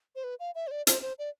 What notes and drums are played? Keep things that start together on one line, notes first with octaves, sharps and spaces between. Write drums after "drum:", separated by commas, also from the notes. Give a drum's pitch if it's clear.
C5
B4
F5
E5
C5
D5
C5, drum: hi-hat
C5
D5